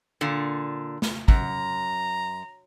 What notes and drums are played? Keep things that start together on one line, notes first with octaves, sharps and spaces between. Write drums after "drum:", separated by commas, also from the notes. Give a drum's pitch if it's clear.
A#2 D3
drum: snare
F#2 A#5, drum: kick